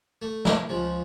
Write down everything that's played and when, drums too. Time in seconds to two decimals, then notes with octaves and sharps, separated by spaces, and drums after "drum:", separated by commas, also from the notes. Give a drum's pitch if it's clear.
0.22 A3
0.45 drum: snare
0.69 C#2 C#3 F3